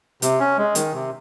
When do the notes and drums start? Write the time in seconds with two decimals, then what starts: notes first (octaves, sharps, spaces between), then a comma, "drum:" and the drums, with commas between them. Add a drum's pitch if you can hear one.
0.22 C3, drum: hi-hat
0.40 C#4
0.58 G#3
0.75 D#3, drum: hi-hat
0.93 C3